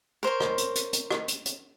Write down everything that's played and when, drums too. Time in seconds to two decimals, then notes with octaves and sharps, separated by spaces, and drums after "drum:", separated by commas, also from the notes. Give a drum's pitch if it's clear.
0.23 A#4 C5 C#5 C6
0.40 drum: rim click
0.58 drum: hi-hat
0.75 drum: hi-hat
0.93 drum: hi-hat
1.11 drum: rim click
1.28 drum: hi-hat
1.46 drum: hi-hat